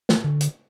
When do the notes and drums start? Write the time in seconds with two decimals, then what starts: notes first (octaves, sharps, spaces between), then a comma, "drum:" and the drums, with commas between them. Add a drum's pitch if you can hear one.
0.09 E3, drum: snare
0.24 D3
0.41 drum: hi-hat